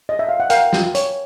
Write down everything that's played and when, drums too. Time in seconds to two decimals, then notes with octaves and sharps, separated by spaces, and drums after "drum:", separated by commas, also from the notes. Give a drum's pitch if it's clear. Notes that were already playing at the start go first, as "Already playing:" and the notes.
0.09 D#5
0.19 E5
0.29 F5
0.40 F#5
0.50 A#4 F5 G5, drum: hi-hat
0.73 drum: snare
0.95 C#5, drum: hi-hat